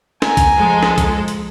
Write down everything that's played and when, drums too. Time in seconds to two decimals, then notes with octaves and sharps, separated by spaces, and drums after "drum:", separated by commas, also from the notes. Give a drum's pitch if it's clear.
0.22 G#5 A#5, drum: snare
0.37 drum: kick B1, hi-hat
0.57 F3 G#3 A4
0.83 drum: snare
0.98 drum: kick B1, hi-hat
1.28 drum: hi-hat